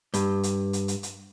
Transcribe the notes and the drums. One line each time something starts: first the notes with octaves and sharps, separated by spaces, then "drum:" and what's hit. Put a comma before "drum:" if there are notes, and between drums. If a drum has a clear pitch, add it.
G2, drum: hi-hat
drum: hi-hat
drum: hi-hat
drum: hi-hat
drum: hi-hat